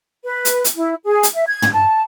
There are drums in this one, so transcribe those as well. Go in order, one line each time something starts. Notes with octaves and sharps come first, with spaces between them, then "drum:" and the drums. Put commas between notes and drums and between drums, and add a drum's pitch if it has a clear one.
B4
drum: hi-hat
drum: hi-hat
E4
G#4
drum: hi-hat
E5
G#6
drum: tom
A5